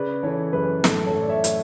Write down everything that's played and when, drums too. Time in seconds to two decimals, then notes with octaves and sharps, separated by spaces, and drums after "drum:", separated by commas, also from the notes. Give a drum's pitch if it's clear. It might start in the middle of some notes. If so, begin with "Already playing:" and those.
Already playing: C#3 B4 D5
0.23 E3 A4 C#5
0.53 F#2 G#4 B4
0.84 A2 A4, drum: snare
1.07 A4 C#5
1.15 A2
1.21 D5
1.29 C#5 E5
1.44 A2, drum: hi-hat